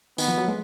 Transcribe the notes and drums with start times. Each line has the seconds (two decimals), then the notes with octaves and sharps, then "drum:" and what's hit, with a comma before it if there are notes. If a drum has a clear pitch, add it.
0.18 D#3 B3, drum: tambourine
0.28 F3
0.38 F#3
0.48 G#3